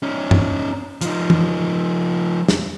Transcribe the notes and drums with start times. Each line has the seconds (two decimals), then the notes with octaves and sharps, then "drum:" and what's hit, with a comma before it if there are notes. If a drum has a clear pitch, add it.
0.03 C#4 D#4
0.31 drum: tom G2
1.01 F3 D#4, drum: hi-hat
1.30 drum: tom
2.48 drum: snare